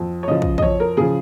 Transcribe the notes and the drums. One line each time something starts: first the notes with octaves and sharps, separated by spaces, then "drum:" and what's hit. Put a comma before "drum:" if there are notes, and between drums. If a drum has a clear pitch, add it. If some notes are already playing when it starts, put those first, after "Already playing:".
Already playing: F2
C#5
C#3 F3 D#5
drum: kick
D#5, drum: kick
F2 C#5
A#4
C#3 F3 G#4